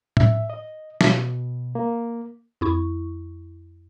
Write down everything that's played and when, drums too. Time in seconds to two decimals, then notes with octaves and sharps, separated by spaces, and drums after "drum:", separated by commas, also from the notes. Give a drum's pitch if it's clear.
0.17 E5, drum: tom
0.50 D#5
1.01 B2, drum: snare
1.75 A#3
2.61 F2 E4 C#6